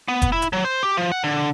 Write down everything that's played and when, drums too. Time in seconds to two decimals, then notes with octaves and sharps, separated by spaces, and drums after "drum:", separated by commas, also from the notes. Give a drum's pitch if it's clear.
0.08 B3
0.22 drum: kick F1, hi-hat
0.32 E4
0.42 drum: hi-hat
0.53 F#3
0.65 C5
0.83 G4
0.97 F3
1.12 F#5
1.24 D3